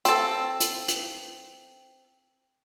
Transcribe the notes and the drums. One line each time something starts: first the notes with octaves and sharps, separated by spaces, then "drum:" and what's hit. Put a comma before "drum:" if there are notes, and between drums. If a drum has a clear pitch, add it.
C4 A4, drum: hi-hat
drum: hi-hat
drum: hi-hat